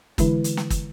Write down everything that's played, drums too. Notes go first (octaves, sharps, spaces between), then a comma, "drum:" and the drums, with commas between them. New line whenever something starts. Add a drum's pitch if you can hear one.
D3 E3 G#3 E4 B4, drum: kick, hi-hat
drum: hi-hat
drum: snare
drum: kick, hi-hat